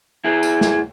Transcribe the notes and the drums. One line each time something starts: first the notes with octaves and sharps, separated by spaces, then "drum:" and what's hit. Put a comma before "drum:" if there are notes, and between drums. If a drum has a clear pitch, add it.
E4 G#4
drum: tambourine
drum: snare